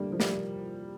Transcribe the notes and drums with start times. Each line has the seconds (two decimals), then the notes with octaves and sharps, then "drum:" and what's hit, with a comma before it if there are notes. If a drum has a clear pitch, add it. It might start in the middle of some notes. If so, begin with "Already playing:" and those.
Already playing: D3 G3 A3 A#3 D4
0.12 F3
0.20 G3, drum: snare